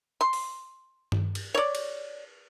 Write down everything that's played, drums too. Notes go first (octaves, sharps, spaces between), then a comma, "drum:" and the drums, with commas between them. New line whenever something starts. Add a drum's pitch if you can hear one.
C6
drum: open hi-hat
drum: tom G2
drum: cymbal
C#5 D5
drum: cymbal